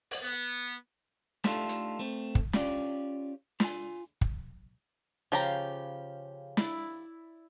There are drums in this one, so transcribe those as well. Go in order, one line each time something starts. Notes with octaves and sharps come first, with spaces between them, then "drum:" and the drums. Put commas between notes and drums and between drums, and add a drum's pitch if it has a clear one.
drum: open hi-hat
B3
A3 D4 D#4 F4 G4 A4, drum: snare
drum: hi-hat
A3 C4
drum: kick
C#4 F4 G4 D5, drum: snare
F4 G#5, drum: snare
drum: kick
C#3 F3 G4 F5 A#5
E4 D5, drum: snare